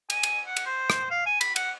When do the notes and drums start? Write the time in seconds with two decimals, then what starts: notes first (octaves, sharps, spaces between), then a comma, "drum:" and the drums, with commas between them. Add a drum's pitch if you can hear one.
0.10 G#5, drum: cymbal
0.23 drum: cymbal
0.46 F#5
0.56 drum: cymbal
0.66 C5
0.90 drum: rim click
1.11 F5
1.26 G#5
1.41 B5, drum: cymbal
1.56 F#5, drum: cymbal